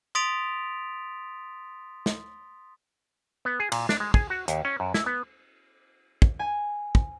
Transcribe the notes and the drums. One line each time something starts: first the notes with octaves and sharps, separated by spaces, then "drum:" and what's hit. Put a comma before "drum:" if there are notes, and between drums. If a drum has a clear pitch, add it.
C6 D#6 A6 B6 D7 F7
drum: snare
B3
G#4
A#2, drum: cymbal
D4, drum: snare
G#3
G#4, drum: kick
F#4
D#2, drum: hi-hat
C#4
F#2
E4, drum: snare
B3
drum: kick
G#5
drum: kick